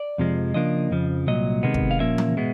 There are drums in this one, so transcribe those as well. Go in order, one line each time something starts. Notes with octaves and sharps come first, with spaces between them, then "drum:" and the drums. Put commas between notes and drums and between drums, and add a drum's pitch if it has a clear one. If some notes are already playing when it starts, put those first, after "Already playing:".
Already playing: D5
F2 C3 F3 G#3
C#3 F3 A#3 D4 D#5
F2 C#3 F3
C2 A#2 F#3 D#5
C3 D#3 G#3 B3
drum: kick
F5
A#2 F3 A#3 C#4 E5
drum: tom E3
B2 G#3 B3